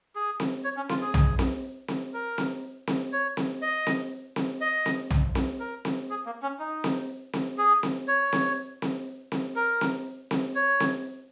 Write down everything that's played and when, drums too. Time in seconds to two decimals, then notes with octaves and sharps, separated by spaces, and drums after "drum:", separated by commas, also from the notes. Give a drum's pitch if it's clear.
0.15 G#4
0.40 drum: snare C4
0.64 C#5
0.77 C#4
0.89 F4, drum: snare C4
1.02 G#4
1.14 drum: tom
1.39 drum: snare C4
1.88 drum: snare C4
2.14 A#4
2.38 drum: snare C4
2.87 drum: snare C4
3.13 C#5
3.37 drum: snare C4
3.62 D#5
3.87 drum: snare C4
4.36 drum: snare C4
4.61 D#5
4.86 drum: snare C4
5.10 drum: tom
5.35 drum: snare C4
5.60 A#4
5.85 drum: snare C4
6.10 G#4
6.26 A#3
6.42 C#4
6.59 D#4
6.84 drum: snare C4
7.33 drum: snare C4
7.58 G#4
7.83 drum: snare C4
8.08 C#5
8.33 drum: snare C4
8.82 drum: snare C4
9.32 drum: snare C4
9.56 A#4
9.81 drum: snare C4
10.31 drum: snare C4
10.55 C#5
10.80 drum: snare C4